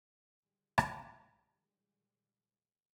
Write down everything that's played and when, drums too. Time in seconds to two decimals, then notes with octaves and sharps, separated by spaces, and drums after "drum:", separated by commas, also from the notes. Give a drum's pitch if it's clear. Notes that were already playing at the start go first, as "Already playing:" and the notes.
0.39 A#2 D3 D#3 F3 G3 G#3
0.78 drum: rim click